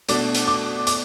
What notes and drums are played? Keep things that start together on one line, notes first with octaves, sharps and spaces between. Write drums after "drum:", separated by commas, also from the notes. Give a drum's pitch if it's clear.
B2 A3 D4 D6, drum: hi-hat
drum: hi-hat
D6
D6, drum: hi-hat